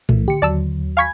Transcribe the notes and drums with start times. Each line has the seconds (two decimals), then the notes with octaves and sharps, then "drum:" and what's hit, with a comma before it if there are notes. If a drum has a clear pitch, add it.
0.09 C2 E3 A3, drum: tom A2
0.28 D3 G4 C#7
0.42 D#2 F#3 D5 A5 E6
0.97 F5 G#5 B5 C#6 G#6 B6